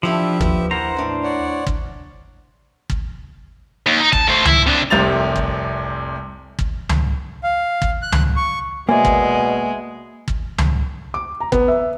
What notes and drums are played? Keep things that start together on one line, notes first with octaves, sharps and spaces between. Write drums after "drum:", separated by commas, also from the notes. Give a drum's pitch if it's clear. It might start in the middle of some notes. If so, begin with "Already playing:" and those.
F3 D4 E4 G4 A4 E5
D#2 B4 C5, drum: kick
E3 A#4 C5 F#5 A#5
A2 D4
C#5 D5 F#5
drum: kick
drum: kick
D#2
D#4
A5, drum: kick
A3 C5
E4, drum: tom C#2
C3 D4
F1 C2 C3 A6 F7
drum: kick
drum: kick
drum: tom C#2
F5
drum: kick
F#6
drum: tom C#2
C#6
B2 G#3 A#3 D5 E5 G#5
drum: kick
drum: kick
drum: tom C#2
D6
A#5
B3, drum: kick
E5